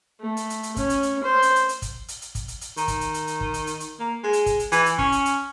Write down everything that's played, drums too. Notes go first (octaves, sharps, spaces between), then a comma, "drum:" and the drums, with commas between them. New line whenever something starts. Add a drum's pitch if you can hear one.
A3
drum: hi-hat
drum: hi-hat
drum: hi-hat
C#4, drum: kick, hi-hat
drum: hi-hat
drum: hi-hat
C5
drum: hi-hat
drum: hi-hat
drum: hi-hat
drum: kick, hi-hat
drum: hi-hat
drum: hi-hat
drum: kick, hi-hat
drum: hi-hat
drum: hi-hat
D#3, drum: hi-hat
drum: kick, hi-hat
drum: hi-hat
drum: hi-hat
drum: hi-hat
drum: kick
drum: hi-hat
drum: hi-hat
drum: hi-hat
A#3
G#3
drum: hi-hat
drum: kick, hi-hat
drum: hi-hat
E3, drum: hi-hat
drum: hi-hat
C#4, drum: kick
drum: hi-hat
drum: hi-hat